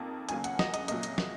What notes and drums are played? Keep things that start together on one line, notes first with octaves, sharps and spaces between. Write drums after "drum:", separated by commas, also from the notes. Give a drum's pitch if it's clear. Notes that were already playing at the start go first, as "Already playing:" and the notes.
Already playing: F2 D#3 A#3
C#2 C#3 F#3 A#3 G#5, drum: hi-hat
F#5, drum: hi-hat
D#5, drum: snare
D#5, drum: hi-hat
C2 A#2 F#3 D#5, drum: hi-hat
drum: hi-hat
drum: snare